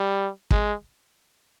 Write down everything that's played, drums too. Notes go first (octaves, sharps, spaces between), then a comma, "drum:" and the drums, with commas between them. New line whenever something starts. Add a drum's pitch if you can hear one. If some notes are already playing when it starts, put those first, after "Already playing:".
Already playing: G3
G#3, drum: kick